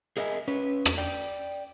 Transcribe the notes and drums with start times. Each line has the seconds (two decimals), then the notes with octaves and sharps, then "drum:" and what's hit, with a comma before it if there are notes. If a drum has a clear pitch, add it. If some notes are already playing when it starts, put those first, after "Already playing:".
0.17 G#4 A#4 D#5 E5 G5 G#5
0.48 C#4 B4
0.85 drum: rim click
0.98 D5 G5